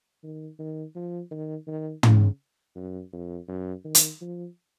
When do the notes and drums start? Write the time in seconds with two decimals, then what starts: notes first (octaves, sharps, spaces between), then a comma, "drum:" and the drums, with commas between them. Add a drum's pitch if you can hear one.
0.23 D#3
0.59 D#3
0.95 F3
1.31 D#3
1.67 D#3
2.03 C#3, drum: tom
2.76 F#2
3.12 F2
3.48 F#2
3.84 D#3
3.95 drum: hi-hat
4.21 F3